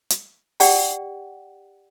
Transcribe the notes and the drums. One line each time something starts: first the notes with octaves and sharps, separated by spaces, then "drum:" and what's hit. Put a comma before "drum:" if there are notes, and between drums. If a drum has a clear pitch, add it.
drum: hi-hat
G4 D5 F#5 G5, drum: open hi-hat